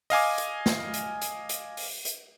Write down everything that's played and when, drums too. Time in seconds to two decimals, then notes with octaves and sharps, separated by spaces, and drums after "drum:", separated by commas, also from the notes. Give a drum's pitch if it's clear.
0.10 D#5 F5 G#5 D6, drum: open hi-hat
0.38 drum: hi-hat
0.66 drum: snare
0.94 drum: hi-hat
1.21 drum: hi-hat
1.49 drum: hi-hat
1.77 drum: open hi-hat
2.05 drum: hi-hat